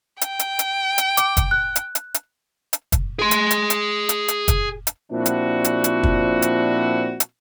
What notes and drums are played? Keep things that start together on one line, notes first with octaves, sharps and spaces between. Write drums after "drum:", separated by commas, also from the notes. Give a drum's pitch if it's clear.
G5, drum: hi-hat
drum: hi-hat
drum: hi-hat
drum: hi-hat
D6, drum: hi-hat
drum: kick, hi-hat
F#6
drum: hi-hat
drum: hi-hat
drum: hi-hat
drum: hi-hat
drum: kick, hi-hat
G#4 C6
drum: hi-hat
drum: hi-hat
drum: hi-hat
drum: hi-hat
drum: hi-hat
drum: kick, hi-hat
drum: hi-hat
A#2 F3 C4 D4 E4 F#4
drum: hi-hat
drum: hi-hat
drum: hi-hat
drum: kick
drum: hi-hat
drum: hi-hat